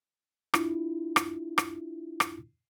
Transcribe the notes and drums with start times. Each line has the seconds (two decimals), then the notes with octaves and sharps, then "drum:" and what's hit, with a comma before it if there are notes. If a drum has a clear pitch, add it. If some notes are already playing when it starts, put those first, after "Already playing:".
0.54 D4 E4 F4, drum: rim click
1.16 drum: rim click
1.58 drum: rim click
2.20 drum: rim click